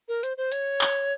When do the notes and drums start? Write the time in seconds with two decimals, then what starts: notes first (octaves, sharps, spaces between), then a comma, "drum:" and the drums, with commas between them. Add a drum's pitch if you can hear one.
0.08 A#4
0.23 C5, drum: hi-hat
0.37 C5
0.52 C#5, drum: hi-hat
0.81 drum: clap